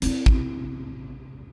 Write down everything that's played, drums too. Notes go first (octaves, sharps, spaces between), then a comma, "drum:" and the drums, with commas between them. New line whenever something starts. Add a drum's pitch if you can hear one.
C4 E4, drum: hi-hat
drum: kick